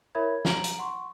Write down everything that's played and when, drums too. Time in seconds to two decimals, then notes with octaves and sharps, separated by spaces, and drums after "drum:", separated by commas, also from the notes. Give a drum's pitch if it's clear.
0.15 E4 A#4 C#5 E5 B5 G#6
0.45 A#5 D7 F#7, drum: snare
0.64 drum: hi-hat
0.78 F#5 C6 C#6